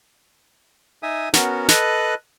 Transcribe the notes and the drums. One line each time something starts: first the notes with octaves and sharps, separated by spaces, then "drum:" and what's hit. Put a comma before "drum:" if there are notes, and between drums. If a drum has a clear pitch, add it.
D#4 E5 G#5 D#6
B3 C#4 F#4 A#4, drum: snare
A4 B4 D#5 F#6, drum: snare